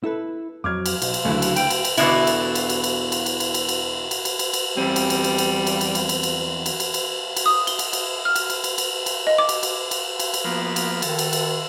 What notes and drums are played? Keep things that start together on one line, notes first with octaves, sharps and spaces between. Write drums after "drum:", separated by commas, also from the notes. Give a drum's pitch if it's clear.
E4 A4 B4
F2 F#3 D6 F6 G#6
drum: cymbal
B1, drum: cymbal
drum: cymbal
C#2 D3 F#3 A3 E4
drum: cymbal
G5, drum: cymbal
drum: cymbal
drum: cymbal
E2 B2 D3 E4, drum: cymbal
drum: cymbal
drum: cymbal
drum: cymbal
drum: cymbal
drum: cymbal
drum: cymbal
drum: cymbal
drum: cymbal
drum: cymbal
drum: cymbal
drum: cymbal
drum: cymbal
drum: cymbal
E2 G3 C4
drum: cymbal
drum: cymbal
drum: cymbal
drum: cymbal
drum: cymbal
drum: cymbal
drum: cymbal
drum: cymbal
drum: cymbal
drum: cymbal
drum: cymbal
drum: cymbal
drum: cymbal
D#6
G7, drum: cymbal
drum: cymbal
drum: cymbal
F6
drum: cymbal
drum: cymbal
drum: cymbal
drum: cymbal
drum: cymbal
D#5
D6
drum: cymbal
drum: cymbal
drum: cymbal
drum: cymbal
drum: cymbal
F3 A#3 B3
drum: cymbal
D#3 A4, drum: cymbal
drum: cymbal
drum: cymbal